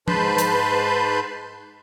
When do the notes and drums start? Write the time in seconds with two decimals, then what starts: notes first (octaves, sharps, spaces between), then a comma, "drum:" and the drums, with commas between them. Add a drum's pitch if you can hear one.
0.08 G#2 B4 A5 B5 C6 G6, drum: tom F3
0.38 drum: hi-hat